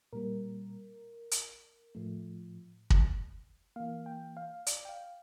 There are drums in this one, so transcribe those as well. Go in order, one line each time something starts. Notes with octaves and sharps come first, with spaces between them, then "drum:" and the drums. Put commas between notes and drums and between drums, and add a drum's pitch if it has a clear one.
A#2 G3 A#3 A#4
drum: hi-hat
A2 F3 A3
drum: kick
E3 A#3 F5
G5
F5
D5, drum: hi-hat
G5
F5